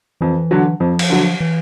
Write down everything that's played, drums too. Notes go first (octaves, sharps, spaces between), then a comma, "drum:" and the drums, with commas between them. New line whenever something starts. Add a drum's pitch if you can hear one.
F2 E3
D3 F#3
F2 F3
drum: cymbal
D3 F#3
E3